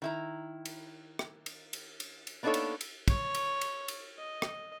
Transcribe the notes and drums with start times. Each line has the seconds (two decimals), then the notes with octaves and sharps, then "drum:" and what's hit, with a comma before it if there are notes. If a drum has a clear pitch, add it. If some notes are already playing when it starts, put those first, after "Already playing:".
0.02 D#3 E4 A#5
0.65 drum: cymbal
1.19 drum: rim click
1.46 drum: cymbal
1.73 drum: cymbal
2.00 drum: cymbal
2.27 drum: cymbal
2.43 A#3 B3 D4 D#4 A4 C#5
2.54 drum: cymbal
2.81 drum: cymbal
3.08 C#5, drum: kick, cymbal
3.35 drum: cymbal
3.61 drum: cymbal
3.88 drum: cymbal
4.18 D#5
4.42 drum: rim click